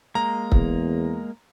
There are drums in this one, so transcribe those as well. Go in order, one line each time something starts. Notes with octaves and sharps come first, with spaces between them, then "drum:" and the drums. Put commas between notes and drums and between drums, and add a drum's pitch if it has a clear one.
G#3 A#3 A#5
E2, drum: kick